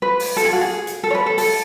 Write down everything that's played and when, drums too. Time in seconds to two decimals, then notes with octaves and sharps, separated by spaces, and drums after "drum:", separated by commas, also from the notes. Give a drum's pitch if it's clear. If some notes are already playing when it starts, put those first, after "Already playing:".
0.02 B4
0.20 drum: open hi-hat
0.37 A4, drum: hi-hat
0.45 G#4
0.53 F#4
0.61 G#4
0.87 drum: hi-hat
1.04 A4
1.10 C#5
1.15 B4
1.26 A4
1.38 A4, drum: open hi-hat